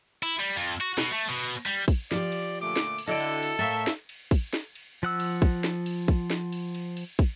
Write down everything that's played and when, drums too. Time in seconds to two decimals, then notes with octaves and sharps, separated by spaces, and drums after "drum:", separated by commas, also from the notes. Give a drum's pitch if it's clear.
0.23 E4
0.40 G3
0.57 F2, drum: cymbal
0.81 F#4
0.98 B2, drum: snare
1.11 A3
1.29 B2
1.44 drum: cymbal
1.66 G3, drum: cymbal
1.88 drum: kick, cymbal
2.11 F3 G4 D5, drum: snare
2.32 drum: cymbal
2.61 A#2 D3 A3 D6
2.76 drum: snare
2.98 drum: cymbal
3.08 D3 E4 F#4 A4 D#5 G5 D7
3.21 drum: cymbal
3.43 drum: cymbal
3.59 A2 A#4 C#5 E5 F5 G5 A5 A6
3.87 drum: snare
4.09 drum: cymbal
4.31 drum: kick, cymbal
4.53 drum: snare
4.75 drum: cymbal
5.03 F3 F#5 E6
5.20 drum: cymbal
5.42 drum: kick, cymbal
5.64 drum: snare
5.86 drum: cymbal
6.08 drum: kick, cymbal
6.30 drum: snare
6.52 drum: cymbal
6.75 drum: cymbal
6.97 drum: cymbal
7.19 drum: kick, cymbal